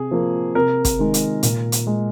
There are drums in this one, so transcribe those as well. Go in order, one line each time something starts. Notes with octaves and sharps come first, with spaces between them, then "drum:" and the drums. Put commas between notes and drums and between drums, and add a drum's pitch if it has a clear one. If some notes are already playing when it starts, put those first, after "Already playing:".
Already playing: C3 G#4
F3 A#3
C3 A#4
drum: kick, hi-hat
D#3 G#3
drum: hi-hat
A#2, drum: hi-hat
drum: hi-hat
G#3